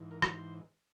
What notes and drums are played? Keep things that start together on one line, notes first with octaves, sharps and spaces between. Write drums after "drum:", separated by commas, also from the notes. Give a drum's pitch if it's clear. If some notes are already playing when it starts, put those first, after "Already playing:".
Already playing: G#2 E3
A#4
drum: rim click
C5